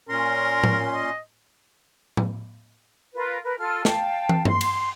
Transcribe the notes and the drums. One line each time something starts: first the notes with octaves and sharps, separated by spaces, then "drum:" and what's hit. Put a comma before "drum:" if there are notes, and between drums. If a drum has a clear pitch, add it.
A#2 C#4 A#4 C6
drum: tom A2
D#5
drum: tom A2
F4 A#4 B4
A#4 B4
F4 A4 F6
F5 G5 A5, drum: snare
drum: tom
C6, drum: tom G2
drum: cymbal